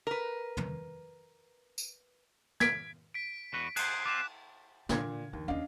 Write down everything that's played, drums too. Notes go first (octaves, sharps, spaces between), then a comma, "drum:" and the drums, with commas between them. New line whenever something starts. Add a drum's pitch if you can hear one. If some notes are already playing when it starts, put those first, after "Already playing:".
A#4 B4
drum: tom
drum: tambourine
G#6 B6 D7, drum: snare
B6 D7
E2 F#4 B4
G#4 C5 F#6, drum: cymbal
C4 F4 D6 E7
A#2 D3 G#6, drum: snare
D#2 F3
D#2 C#4 D4 D#5 F5